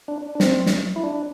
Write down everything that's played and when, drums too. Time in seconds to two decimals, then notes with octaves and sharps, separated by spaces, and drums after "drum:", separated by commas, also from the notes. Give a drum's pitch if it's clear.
0.08 D4
0.35 D4
0.40 C4, drum: snare
0.66 drum: snare
0.96 E4
1.03 D4